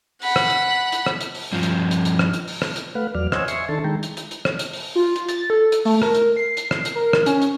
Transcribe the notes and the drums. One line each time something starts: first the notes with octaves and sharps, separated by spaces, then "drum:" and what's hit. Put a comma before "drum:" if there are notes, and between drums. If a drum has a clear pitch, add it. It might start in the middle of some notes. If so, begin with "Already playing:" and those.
F#5 B5, drum: open hi-hat
drum: rim click
drum: hi-hat
drum: hi-hat
drum: rim click
drum: hi-hat
drum: open hi-hat
G2 F3
drum: hi-hat
drum: hi-hat
drum: hi-hat
drum: rim click
drum: hi-hat
drum: open hi-hat
drum: rim click
drum: hi-hat
A3 B4 F5 F#5
E2 F#3 D5 F6
C5 C#5 D#5 F#5 G#5 E6, drum: rim click
E5 G#5 C6 C#6, drum: hi-hat
D#3 D4 A4 A5 C6
D#3 G#3 G5 A#5
drum: hi-hat
drum: hi-hat
drum: hi-hat
drum: rim click
drum: hi-hat
drum: open hi-hat
F4
drum: hi-hat
A6, drum: hi-hat
A4
drum: hi-hat
A3, drum: open hi-hat
A#4, drum: rim click
drum: hi-hat
C7
drum: hi-hat
drum: rim click
drum: hi-hat
A#4
drum: rim click
C#4, drum: hi-hat
drum: hi-hat